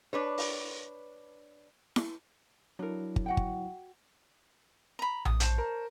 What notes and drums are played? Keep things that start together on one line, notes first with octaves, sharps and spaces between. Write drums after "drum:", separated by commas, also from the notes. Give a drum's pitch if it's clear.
D4 B4 C#5
drum: open hi-hat
drum: snare E4
F#3 D4 E4 A#4
drum: kick
F#4 F#5 G5
drum: kick
A#5 B5
D#6, drum: tom A#1
C5 C#5 A5, drum: hi-hat
A#4